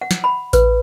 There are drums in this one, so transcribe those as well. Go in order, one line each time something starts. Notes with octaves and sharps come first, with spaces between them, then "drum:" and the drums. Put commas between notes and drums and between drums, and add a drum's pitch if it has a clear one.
F#5
drum: snare
B5
B4, drum: kick A1, hi-hat